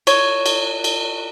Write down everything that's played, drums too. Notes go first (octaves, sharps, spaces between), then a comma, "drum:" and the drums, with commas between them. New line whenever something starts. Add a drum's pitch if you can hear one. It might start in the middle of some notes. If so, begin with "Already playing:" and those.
C#5, drum: cymbal
drum: cymbal
drum: cymbal